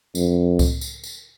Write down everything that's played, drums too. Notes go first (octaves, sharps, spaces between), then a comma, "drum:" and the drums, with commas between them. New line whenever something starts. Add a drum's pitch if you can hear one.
F2, drum: tambourine
drum: kick C2, tambourine
drum: tambourine
drum: tambourine